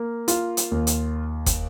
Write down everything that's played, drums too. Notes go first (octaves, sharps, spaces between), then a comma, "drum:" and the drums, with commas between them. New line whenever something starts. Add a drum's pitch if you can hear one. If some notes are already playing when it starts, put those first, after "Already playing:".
Already playing: A#3
F4, drum: hi-hat
drum: hi-hat
D#2
drum: hi-hat
drum: kick, hi-hat